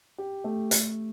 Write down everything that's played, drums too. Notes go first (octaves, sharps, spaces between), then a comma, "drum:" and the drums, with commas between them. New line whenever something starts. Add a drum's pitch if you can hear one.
G4
A3
A3, drum: hi-hat